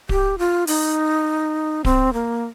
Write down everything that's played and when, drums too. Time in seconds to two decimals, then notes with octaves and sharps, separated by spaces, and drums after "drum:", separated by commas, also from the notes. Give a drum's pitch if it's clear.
0.09 G4, drum: kick D1
0.38 F4
0.67 D#4, drum: open hi-hat
1.85 C4, drum: kick D1
2.13 A#3